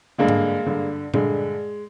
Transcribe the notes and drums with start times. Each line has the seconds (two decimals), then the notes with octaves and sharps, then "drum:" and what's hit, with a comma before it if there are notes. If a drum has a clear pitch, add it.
0.18 G2 D3 G#3 A#3
0.28 drum: tom G#2
0.66 G2 D3
1.14 G2 D3 G#3, drum: tom A#2